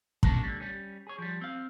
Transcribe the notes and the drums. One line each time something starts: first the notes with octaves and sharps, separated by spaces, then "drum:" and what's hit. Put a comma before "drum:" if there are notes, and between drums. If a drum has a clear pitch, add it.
C#2 C3 C#4 D4 A#4 A5, drum: kick
D3 G3
G3 C#4
G#4 C#5
F3 G3
C4 F5